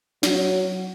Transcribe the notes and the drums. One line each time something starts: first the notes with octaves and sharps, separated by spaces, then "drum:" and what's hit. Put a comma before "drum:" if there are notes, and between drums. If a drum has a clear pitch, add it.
F#3, drum: snare